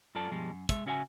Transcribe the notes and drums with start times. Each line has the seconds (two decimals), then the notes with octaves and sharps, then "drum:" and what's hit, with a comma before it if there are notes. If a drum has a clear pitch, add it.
0.15 F#2 F#3 F4 A4 D5 A5
0.31 G2 B2 F3 G3 G#3
0.51 F#2
0.69 G#3 E5, drum: kick, hi-hat
0.86 C#3 C#4 F#4 E5 F5 G#5